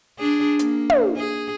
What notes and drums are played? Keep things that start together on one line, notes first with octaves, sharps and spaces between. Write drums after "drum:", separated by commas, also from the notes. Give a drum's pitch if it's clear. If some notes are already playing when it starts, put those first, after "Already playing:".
D4 G#4
A#3, drum: hi-hat
drum: tom
G#4